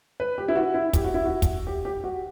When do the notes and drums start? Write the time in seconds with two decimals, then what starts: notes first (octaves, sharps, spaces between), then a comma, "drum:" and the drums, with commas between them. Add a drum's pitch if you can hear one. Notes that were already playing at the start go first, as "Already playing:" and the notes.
0.20 B4
0.38 G4
0.48 E4
0.55 F#4
0.74 E4
0.93 G4, drum: kick, hi-hat
1.04 F#4
1.14 E4
1.26 F#4
1.42 drum: kick, hi-hat
1.67 G4
1.85 G4
2.04 F#4